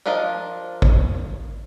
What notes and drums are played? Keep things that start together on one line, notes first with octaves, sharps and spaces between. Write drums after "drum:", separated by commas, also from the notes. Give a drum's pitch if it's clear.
F3 D4 F4 A#4 D#5
drum: kick